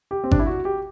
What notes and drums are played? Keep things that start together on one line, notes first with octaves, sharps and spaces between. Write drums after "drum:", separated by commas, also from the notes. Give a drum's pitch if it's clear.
G4
C4
D4, drum: kick G#1
E4
F#4
G4